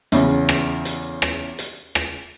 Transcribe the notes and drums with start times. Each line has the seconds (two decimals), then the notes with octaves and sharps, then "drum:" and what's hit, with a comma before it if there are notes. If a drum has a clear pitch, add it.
0.12 E2 C#3, drum: hi-hat
0.49 drum: rim click
0.85 drum: hi-hat
1.22 drum: rim click
1.59 drum: hi-hat
1.95 drum: rim click